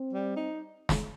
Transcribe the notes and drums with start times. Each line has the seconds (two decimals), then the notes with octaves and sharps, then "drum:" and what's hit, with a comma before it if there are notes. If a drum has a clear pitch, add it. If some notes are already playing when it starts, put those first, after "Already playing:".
Already playing: C4
0.13 G3
0.36 D#4
0.89 drum: snare